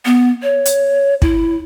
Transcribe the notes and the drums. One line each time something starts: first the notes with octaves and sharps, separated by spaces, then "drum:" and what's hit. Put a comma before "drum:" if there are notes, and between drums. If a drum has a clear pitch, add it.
B3
C#5
drum: hi-hat
E4, drum: kick